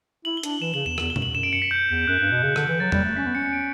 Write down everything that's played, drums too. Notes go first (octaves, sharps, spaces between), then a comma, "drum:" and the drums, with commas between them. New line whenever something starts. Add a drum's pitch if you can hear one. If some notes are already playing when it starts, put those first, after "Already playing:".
E4 F#7
G7
D4, drum: hi-hat
F#7
E3 E7
C#3 F#7
E2 E7
E2 F#7, drum: rim click
G7
F#2, drum: tom B2
E2 F#7
F#2 E7
D7
C#7
B6
G6
E2
F#2 F#6
G2
B2
C#3
D3, drum: rim click
E3
F#3 A6
G3, drum: tom E2
A3
C#4 B6
B3
C#4 C#7
D7